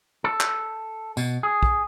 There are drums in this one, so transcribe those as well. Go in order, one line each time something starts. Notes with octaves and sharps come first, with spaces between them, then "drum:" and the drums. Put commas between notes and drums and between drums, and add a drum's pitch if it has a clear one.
A4
drum: clap
B2, drum: tambourine
G#4
drum: kick